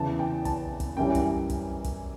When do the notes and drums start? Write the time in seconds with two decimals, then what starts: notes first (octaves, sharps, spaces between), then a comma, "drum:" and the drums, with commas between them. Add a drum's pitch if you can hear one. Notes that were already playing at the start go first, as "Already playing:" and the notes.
Already playing: E2 C#3 E3 A5
0.19 G5
0.45 A5, drum: kick, hi-hat
0.80 drum: kick, hi-hat
0.97 F#2 E3 G3 C#4 G5
1.15 drum: kick, hi-hat
1.50 drum: kick, hi-hat
1.84 drum: kick, hi-hat